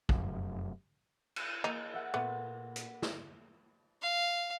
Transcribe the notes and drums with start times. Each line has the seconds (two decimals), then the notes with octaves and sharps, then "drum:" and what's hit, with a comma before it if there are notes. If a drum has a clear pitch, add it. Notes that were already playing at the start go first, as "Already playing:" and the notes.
0.09 F1 F#2, drum: kick
1.36 drum: cymbal
1.64 A#3 D#4 G#4
1.94 E5 F#5
2.14 A#2 A3 B3
2.76 B6, drum: hi-hat
3.02 drum: snare
4.02 F5